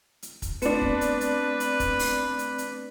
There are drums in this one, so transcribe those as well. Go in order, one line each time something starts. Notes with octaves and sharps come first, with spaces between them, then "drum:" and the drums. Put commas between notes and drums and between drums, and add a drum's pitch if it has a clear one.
drum: hi-hat
drum: kick, hi-hat
A3 B3 C4 D4 B4, drum: hi-hat
drum: kick
drum: hi-hat
drum: hi-hat
drum: hi-hat
drum: kick, hi-hat
drum: open hi-hat
drum: hi-hat
drum: hi-hat